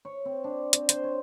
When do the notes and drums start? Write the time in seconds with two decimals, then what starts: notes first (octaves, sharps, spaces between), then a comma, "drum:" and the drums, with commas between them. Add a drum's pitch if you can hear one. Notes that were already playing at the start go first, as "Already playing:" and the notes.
0.05 C#5
0.25 C4
0.44 D4
0.73 C4, drum: hi-hat
0.89 C5, drum: hi-hat
1.04 C#5